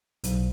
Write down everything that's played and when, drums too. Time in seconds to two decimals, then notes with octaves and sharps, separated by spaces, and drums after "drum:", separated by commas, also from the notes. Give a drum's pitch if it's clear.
0.24 B1, drum: hi-hat